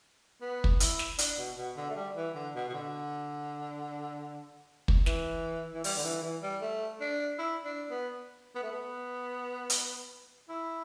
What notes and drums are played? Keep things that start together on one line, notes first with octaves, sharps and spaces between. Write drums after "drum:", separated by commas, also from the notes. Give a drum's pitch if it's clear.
B3
drum: kick
E4, drum: hi-hat
drum: snare
D4, drum: hi-hat
B2
B2
D3
A3
G3
E3
D3
B2
B2
D3
drum: kick
E3, drum: snare
E3
G3, drum: open hi-hat
D3
E3
E3
G3
A3
D4
E4
D4
B3
B3
A3
B3
drum: hi-hat
E4